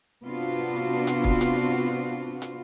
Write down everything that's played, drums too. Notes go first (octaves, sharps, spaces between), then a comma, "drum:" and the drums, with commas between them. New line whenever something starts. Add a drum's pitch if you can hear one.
C3 B3 C4 D4 F4 F#4
drum: hi-hat
drum: kick
drum: hi-hat
drum: hi-hat